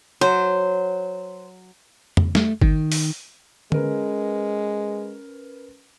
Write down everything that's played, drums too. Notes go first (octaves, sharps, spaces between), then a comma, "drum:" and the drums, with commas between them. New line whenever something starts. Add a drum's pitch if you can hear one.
F#3 C5
drum: tom F2
A3, drum: snare
D#3, drum: kick G1
drum: open hi-hat
G#3 C#4 A#4 B4, drum: tom D3